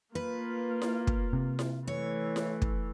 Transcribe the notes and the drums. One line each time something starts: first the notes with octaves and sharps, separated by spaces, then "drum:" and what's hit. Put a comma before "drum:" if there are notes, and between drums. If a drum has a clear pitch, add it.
A#3 F4 B4
drum: snare E4
drum: kick
C3
drum: snare E4
E3 A3 C#5
drum: snare E4
drum: kick